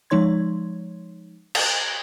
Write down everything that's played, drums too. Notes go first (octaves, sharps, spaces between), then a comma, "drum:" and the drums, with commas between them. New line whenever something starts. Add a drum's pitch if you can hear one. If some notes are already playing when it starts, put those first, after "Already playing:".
F3 G#3 D#4 C#5 C6 G#6
drum: cymbal